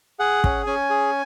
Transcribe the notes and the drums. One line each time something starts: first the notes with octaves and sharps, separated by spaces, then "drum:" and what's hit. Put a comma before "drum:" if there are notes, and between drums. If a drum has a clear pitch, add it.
G#4 F#5
C#4, drum: kick
C#4 G#5
G#4